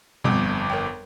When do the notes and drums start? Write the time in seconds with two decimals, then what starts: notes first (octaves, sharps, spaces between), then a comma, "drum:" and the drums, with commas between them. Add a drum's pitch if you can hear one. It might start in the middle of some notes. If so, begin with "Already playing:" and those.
0.24 G1 F2 G3 B3 D6, drum: tom A#2
0.70 A#4 C#5 G5